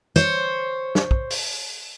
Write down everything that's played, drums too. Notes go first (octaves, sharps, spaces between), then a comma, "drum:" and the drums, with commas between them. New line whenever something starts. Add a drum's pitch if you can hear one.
C5 C#5, drum: hi-hat
drum: snare
drum: kick
drum: open hi-hat